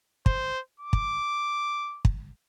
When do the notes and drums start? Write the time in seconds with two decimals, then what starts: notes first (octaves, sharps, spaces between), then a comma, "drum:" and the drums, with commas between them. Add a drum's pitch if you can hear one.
0.26 C5, drum: kick
0.80 D6
0.93 drum: kick
2.05 drum: kick